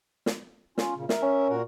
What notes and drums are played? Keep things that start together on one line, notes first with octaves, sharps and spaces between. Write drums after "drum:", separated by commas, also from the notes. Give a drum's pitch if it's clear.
drum: snare
C#4 F4, drum: snare
A#2 C#3
A#4 E5, drum: snare
C#4
A#2 F#4 A#4